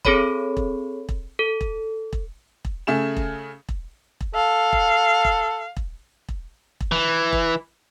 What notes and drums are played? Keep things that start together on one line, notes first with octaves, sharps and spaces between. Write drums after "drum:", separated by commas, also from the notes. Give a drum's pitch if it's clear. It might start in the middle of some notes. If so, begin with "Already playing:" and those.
C4 G#4 A4 C#5 B5, drum: kick E1
drum: kick E1
drum: kick E1
A4
drum: kick E1
drum: kick E1
drum: kick E1
C#3 A3 G#4 E7
drum: kick E1
drum: kick E1
drum: kick E1
A4 F5
drum: kick E1
drum: kick E1
drum: kick E1
drum: kick E1
drum: kick E1
E3
drum: kick E1